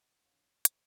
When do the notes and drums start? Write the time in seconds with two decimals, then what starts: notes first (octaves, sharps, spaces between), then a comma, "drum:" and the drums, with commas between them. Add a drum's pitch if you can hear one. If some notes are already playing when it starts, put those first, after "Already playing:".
Already playing: D#5 F#5
0.25 F#2 D#3 C#5 F5
0.65 C5 D#5, drum: hi-hat